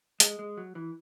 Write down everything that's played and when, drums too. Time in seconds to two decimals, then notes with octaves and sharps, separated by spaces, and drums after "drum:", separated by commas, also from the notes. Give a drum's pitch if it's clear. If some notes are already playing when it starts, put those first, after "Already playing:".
0.20 G#3, drum: hi-hat
0.39 G#3
0.57 F#3
0.75 E3